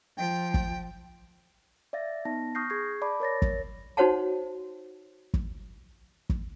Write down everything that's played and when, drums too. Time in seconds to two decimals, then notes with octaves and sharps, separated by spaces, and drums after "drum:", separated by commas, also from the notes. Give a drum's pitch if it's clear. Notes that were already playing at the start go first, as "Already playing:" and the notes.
0.18 F3 G5
0.54 drum: kick
1.93 D5 E5 F5 A6 A#6
2.25 B3 D#4 A5 A#6
2.55 C#6 D#6 F6 G6 A#6 C7
2.70 G#4 C#6 G#6 C7
3.02 D5 A5 B5 D6
3.20 A#4 C#5 A6 A#6
3.42 drum: kick
3.97 D#4 F#4 C5 C#5 F#5 A5
5.34 drum: kick
6.29 drum: kick